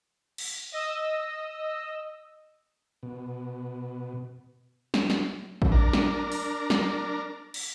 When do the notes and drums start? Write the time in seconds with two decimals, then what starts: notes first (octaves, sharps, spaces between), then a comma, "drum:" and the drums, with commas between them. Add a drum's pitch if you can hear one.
0.38 drum: cymbal
0.72 D#5 E6
3.03 B2
4.94 drum: snare
5.10 drum: snare
5.62 drum: kick A1
5.72 D4 A#4
5.93 drum: snare
6.32 drum: open hi-hat
6.70 drum: snare
7.54 drum: cymbal